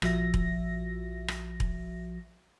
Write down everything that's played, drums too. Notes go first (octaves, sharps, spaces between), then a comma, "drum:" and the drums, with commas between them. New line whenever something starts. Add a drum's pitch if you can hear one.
A#1 F3 F#4 E5 A#6, drum: rim click
drum: kick E1
drum: rim click
drum: kick E1